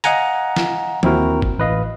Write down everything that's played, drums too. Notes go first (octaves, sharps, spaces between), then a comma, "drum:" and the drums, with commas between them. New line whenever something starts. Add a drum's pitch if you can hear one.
D#5 F5 F#5 G#5 A#5, drum: hi-hat
drum: snare
D#2 C4 E4 F#4 A#4, drum: tom E3
drum: kick F#1
A1 B4 D#5 F5